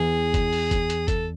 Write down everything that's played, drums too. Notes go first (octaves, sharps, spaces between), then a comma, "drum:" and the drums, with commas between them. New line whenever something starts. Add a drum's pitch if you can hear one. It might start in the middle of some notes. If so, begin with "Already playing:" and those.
Already playing: E2 E3 G#4
drum: kick, hi-hat
drum: open hi-hat
drum: kick, hi-hat
drum: hi-hat
A4, drum: kick, hi-hat